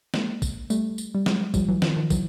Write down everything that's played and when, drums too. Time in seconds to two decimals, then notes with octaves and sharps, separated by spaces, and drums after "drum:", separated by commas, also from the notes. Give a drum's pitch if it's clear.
0.14 G#3 A#3, drum: snare
0.42 drum: kick, tambourine
0.70 G3 A3, drum: tambourine
0.98 drum: tambourine
1.15 G3
1.26 F#3 G#3, drum: snare
1.54 F3 G3, drum: kick, tambourine
1.69 E3 F#3
1.82 D#3 F3, drum: snare
1.96 D#3 F3
2.10 E3 F#3, drum: kick, tambourine